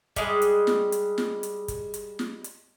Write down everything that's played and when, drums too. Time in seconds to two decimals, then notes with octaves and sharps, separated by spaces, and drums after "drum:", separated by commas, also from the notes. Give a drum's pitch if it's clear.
0.16 G3 G#3, drum: kick, hi-hat
0.42 drum: hi-hat
0.67 drum: snare
0.92 drum: hi-hat
1.18 drum: snare
1.43 drum: hi-hat
1.68 drum: kick, hi-hat
1.94 drum: hi-hat
2.19 drum: snare
2.44 drum: hi-hat